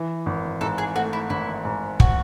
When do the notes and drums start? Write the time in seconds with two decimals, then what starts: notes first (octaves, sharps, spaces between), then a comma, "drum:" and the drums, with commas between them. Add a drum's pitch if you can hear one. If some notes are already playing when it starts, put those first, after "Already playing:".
Already playing: E3
0.26 G#1
0.61 G#2 A4
0.78 G#4
0.95 A3 F#4
1.13 E4
1.30 G#1 E4
1.65 G#2
2.00 F#4, drum: kick